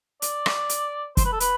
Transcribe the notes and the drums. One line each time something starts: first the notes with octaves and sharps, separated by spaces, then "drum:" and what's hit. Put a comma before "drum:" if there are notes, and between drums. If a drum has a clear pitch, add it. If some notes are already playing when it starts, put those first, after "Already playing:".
D5, drum: hi-hat
drum: rim click
drum: hi-hat
C5, drum: kick, hi-hat
B4
A4
B4, drum: hi-hat